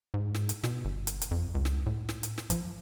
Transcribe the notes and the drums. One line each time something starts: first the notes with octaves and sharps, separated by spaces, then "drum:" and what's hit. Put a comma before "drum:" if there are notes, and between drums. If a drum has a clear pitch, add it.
G#2
drum: snare
drum: hi-hat
B2, drum: snare
G1
drum: hi-hat
drum: hi-hat
F2
C#2
drum: snare
A2
drum: snare
drum: hi-hat
drum: snare
F3, drum: kick, hi-hat